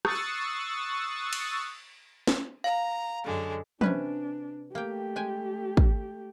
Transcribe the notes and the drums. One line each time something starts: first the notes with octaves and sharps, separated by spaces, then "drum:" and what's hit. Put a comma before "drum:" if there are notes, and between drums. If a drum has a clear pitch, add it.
C#6 D#6 E6 F#6 A6 C7, drum: rim click
drum: cymbal
drum: snare
F5 A#5
F#2 D3 G#3
C3 C#4 D4 B4, drum: tom
A3 A#3 G4 G5
G#3 G5 G#5
drum: kick